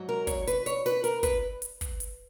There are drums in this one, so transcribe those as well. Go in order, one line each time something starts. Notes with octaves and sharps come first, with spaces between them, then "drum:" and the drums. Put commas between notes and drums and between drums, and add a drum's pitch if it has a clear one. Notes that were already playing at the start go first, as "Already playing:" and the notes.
Already playing: G#2 F#3
A#4
C#5, drum: kick, hi-hat
B4, drum: hi-hat
C#5, drum: hi-hat
B4, drum: snare
A#4, drum: hi-hat
B4, drum: kick, hi-hat
drum: hi-hat
drum: kick, hi-hat
drum: hi-hat